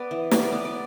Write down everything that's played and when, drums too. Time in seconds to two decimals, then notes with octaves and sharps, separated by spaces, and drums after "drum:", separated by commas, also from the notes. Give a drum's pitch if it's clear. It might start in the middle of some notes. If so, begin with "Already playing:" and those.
Already playing: B3 B4 D5
0.11 E3
0.31 B3 D5, drum: snare
0.43 B4
0.52 B3 D5
0.65 D5